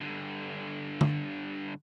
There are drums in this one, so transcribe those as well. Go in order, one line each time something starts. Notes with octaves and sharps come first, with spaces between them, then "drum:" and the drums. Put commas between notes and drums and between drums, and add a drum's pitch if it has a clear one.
G2 D3
drum: tom